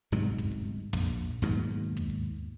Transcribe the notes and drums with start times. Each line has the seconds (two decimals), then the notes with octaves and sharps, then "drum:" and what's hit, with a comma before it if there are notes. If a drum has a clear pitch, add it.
0.12 G1 G#2 C3 F#3, drum: hi-hat
0.25 drum: hi-hat
0.38 drum: kick, hi-hat
0.52 drum: open hi-hat
0.65 drum: hi-hat
0.78 drum: hi-hat
0.93 A#1, drum: tom
1.18 drum: open hi-hat
1.31 drum: hi-hat
1.42 D#2 G#2 B2 F#3
1.70 drum: hi-hat
1.83 drum: hi-hat
1.97 drum: kick, hi-hat
2.10 drum: open hi-hat
2.23 drum: hi-hat
2.36 drum: hi-hat